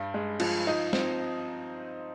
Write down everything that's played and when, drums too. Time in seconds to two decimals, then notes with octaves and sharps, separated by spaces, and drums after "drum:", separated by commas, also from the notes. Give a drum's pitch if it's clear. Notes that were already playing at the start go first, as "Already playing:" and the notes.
Already playing: G2 G3
0.14 G#3
0.40 F3, drum: cymbal
0.67 D#4
0.93 C4, drum: snare